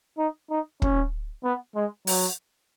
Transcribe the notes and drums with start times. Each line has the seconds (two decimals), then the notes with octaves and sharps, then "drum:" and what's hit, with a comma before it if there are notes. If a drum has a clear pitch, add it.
0.18 D#4
0.50 D#4
0.82 C#4, drum: kick
1.44 B3
1.75 G#3
2.07 F#3, drum: open hi-hat